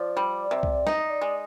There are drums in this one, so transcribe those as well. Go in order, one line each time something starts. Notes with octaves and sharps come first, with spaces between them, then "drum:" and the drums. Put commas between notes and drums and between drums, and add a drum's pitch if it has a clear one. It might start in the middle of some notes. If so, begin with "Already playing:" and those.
Already playing: F3 D5
G3
C3
drum: kick C2
D#4 D#5, drum: snare
D5
G#3